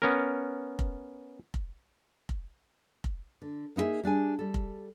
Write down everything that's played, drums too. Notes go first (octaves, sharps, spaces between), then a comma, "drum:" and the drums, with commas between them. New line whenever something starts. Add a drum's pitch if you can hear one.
B3 C#4 A#4
drum: kick F1
drum: kick F1
drum: kick F1
drum: kick F1
D3
A#3 D#4 E4 G#4 E5
G3 D4 G#4 G#5
G3 A4
drum: kick F1